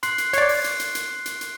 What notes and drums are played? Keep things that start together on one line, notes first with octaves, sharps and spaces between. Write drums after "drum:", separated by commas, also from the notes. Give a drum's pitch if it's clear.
C6 F#6 C7, drum: hi-hat
drum: hi-hat
C#5 D5, drum: hi-hat
drum: open hi-hat
drum: hi-hat
drum: hi-hat
drum: hi-hat
drum: hi-hat
drum: hi-hat